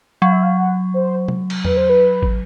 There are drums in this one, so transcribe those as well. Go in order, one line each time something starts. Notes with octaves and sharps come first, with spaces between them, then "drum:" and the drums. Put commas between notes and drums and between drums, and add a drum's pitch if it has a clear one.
F#3 F5
E5
F5
F#5
C5
drum: tom
drum: cymbal
B4, drum: tom E2
C5
B4
drum: kick